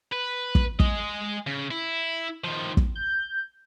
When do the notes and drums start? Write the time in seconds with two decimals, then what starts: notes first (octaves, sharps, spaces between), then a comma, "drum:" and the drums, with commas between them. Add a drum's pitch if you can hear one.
0.12 B4
0.55 drum: kick
0.80 G#3 D#5, drum: kick
1.47 C#3
1.71 E4
2.44 D#3 F3
2.77 drum: kick
2.95 G6